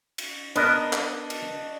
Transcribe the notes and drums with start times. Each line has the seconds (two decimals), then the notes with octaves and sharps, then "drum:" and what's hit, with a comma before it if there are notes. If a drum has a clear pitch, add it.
0.18 drum: cymbal
0.56 B3 D4 A#4 D#5, drum: cymbal
0.93 drum: clap
1.30 drum: cymbal